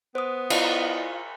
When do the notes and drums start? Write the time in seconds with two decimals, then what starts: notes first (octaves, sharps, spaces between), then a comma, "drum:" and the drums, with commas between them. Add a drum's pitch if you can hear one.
0.15 B3 C5 D#6
0.50 E4 F4 D5 D#5, drum: cymbal